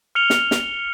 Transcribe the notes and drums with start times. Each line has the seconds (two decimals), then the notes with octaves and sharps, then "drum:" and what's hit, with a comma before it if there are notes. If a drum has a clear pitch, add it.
0.15 F6 C#7 F7 G7
0.30 drum: snare
0.51 drum: snare